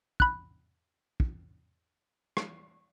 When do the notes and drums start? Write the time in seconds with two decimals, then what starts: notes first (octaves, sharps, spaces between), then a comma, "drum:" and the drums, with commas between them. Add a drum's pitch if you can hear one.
0.20 B5 F#6, drum: kick
1.20 drum: kick
2.37 drum: rim click